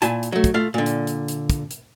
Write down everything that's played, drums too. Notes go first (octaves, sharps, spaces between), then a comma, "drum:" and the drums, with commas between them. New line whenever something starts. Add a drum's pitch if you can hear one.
A#2 E4 G#5 A5, drum: hi-hat
drum: hi-hat
F#3 A3
drum: kick, hi-hat
A3 F4 F5
A#2 D3
drum: hi-hat
drum: hi-hat
drum: hi-hat
drum: kick, hi-hat
drum: hi-hat